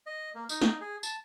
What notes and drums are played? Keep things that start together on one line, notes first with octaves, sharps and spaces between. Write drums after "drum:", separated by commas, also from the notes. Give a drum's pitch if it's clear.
D#5
A#3
D#4, drum: tambourine
drum: snare
G#4
A5, drum: tambourine